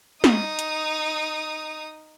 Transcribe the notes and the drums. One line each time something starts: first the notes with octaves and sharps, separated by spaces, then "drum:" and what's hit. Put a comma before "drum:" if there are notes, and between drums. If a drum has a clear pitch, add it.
D#4 D#6, drum: snare
drum: hi-hat